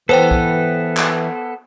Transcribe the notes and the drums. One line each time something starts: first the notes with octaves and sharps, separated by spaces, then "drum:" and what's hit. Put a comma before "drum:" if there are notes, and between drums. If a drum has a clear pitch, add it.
E3 B3 A4 B4 C5 G5
drum: kick
drum: clap